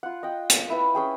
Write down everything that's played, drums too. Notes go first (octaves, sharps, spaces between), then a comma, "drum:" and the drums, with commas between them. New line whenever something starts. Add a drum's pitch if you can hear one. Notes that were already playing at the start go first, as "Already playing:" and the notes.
F4 F#5
D#5 G5
drum: hi-hat
E4 B4
C#4 G#4 G5